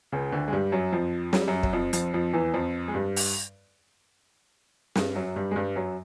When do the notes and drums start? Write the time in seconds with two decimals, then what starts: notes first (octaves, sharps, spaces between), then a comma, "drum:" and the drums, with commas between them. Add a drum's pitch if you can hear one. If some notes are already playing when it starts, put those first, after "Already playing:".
0.12 C#2 C#3
0.32 D2 D3
0.48 G#3
0.53 G2 G3
0.72 F#2 F#3
0.92 F2 F3
1.33 F#3, drum: snare
1.41 G3
1.48 F#2 F#3
1.63 F#3, drum: kick
1.73 F2 F3
1.93 F2 F3, drum: hi-hat
2.14 F2 F3
2.33 E2 E3
2.54 F2 F3
2.88 G#3
2.94 G2 G3
3.16 drum: open hi-hat
4.95 G2 G3, drum: snare
5.15 F#2 F#3
5.36 G2 G3
5.51 G#3
5.56 G2 G3
5.76 F#2 F#3